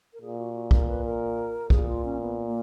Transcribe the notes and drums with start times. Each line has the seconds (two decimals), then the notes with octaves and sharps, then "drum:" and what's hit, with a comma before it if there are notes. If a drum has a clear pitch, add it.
0.13 A#4
0.21 A#2 G#4
0.38 F#4
0.54 F#4
0.71 A#4, drum: kick
0.87 B4
1.05 A#4
1.70 A#2 G#4, drum: kick
1.88 F4
2.05 C#4
2.21 B3
2.46 A#3